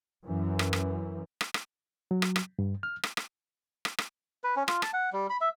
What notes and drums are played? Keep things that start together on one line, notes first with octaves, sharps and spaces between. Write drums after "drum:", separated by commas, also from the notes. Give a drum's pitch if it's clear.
F#2 E3
drum: rim click
drum: rim click
drum: rim click
drum: rim click
F#3
drum: rim click
drum: rim click
G2
F6
drum: rim click
drum: rim click
drum: rim click
drum: rim click
B4
C#4
F4, drum: rim click
A5, drum: rim click
F#5
G3
B5
E5